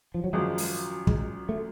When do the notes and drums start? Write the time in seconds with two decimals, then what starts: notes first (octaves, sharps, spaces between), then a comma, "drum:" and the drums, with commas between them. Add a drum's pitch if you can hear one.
0.14 F3
0.24 F#3
0.33 G#1 F#2 F3 G#3
0.58 drum: open hi-hat
1.07 G#3, drum: kick
1.49 A3